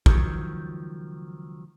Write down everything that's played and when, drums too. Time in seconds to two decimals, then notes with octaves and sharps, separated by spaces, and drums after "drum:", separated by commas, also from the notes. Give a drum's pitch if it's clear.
0.06 C#2 D#3 F3 F#3, drum: kick